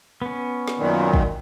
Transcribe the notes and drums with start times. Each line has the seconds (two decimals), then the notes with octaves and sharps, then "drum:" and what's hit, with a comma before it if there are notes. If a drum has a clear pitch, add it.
0.22 B3 C#4
0.68 drum: snare
0.78 F#2 A#2 D#3
1.13 drum: kick